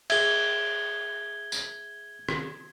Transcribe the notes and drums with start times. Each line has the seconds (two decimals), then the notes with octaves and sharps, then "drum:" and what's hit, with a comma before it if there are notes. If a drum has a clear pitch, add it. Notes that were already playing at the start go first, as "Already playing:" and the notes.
0.10 G#4 E5 G#6 G7, drum: cymbal
1.52 drum: tambourine
2.29 drum: rim click